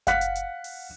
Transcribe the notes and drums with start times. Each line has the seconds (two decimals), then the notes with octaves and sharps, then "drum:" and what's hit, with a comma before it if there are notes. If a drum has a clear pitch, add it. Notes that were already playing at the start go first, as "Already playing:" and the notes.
0.07 F5 F#5 F#6 B6 C#7, drum: kick F#1, hi-hat
0.21 drum: hi-hat
0.35 drum: hi-hat
0.64 drum: open hi-hat